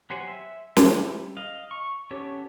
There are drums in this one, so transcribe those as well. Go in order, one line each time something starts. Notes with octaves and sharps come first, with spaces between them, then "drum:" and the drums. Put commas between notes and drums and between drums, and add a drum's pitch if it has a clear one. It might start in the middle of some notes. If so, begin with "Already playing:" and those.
F#3 G4 C5 F#5 G#5
E5
G3 E4 G4, drum: snare
D#5 F5
C#6
B3 C#4 G4 A4 C#5